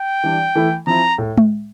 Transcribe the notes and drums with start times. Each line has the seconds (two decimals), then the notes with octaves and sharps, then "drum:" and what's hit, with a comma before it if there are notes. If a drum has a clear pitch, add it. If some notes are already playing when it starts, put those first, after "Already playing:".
Already playing: G5
0.24 E3 G3 D4
0.55 E3 A3 E4
0.87 F3 C4 E4 A#5
1.18 A2
1.38 drum: tom G#3